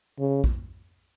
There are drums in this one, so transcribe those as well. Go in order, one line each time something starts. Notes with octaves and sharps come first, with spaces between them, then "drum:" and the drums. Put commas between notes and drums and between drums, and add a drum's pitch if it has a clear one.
C#3
drum: kick A#1